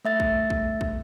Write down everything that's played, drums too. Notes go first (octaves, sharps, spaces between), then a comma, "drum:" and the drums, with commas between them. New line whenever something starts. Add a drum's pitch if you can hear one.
A3 E5 A6
drum: kick
drum: kick
drum: kick